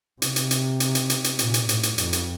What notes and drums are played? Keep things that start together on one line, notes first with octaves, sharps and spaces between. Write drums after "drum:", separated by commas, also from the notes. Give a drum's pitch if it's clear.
C3, drum: hi-hat
drum: hi-hat
drum: hi-hat
drum: hi-hat
drum: hi-hat
drum: hi-hat
drum: hi-hat
A#2, drum: hi-hat
drum: hi-hat
A2, drum: hi-hat
drum: hi-hat
F2, drum: hi-hat
drum: hi-hat